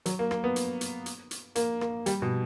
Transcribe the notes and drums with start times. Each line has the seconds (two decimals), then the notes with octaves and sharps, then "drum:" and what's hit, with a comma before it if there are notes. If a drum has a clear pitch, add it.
0.06 F#3, drum: hi-hat
0.19 A#3
0.31 A#3, drum: rim click
0.44 B3
0.56 drum: hi-hat
0.81 drum: hi-hat
1.06 drum: hi-hat
1.31 drum: hi-hat
1.55 A#3, drum: hi-hat
1.81 A#3, drum: rim click
2.06 G3, drum: hi-hat
2.22 B2